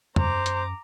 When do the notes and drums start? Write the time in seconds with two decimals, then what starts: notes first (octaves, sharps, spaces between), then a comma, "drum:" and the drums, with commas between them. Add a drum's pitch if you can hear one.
0.16 F#2 C5 A#5 D6, drum: tom
0.46 drum: hi-hat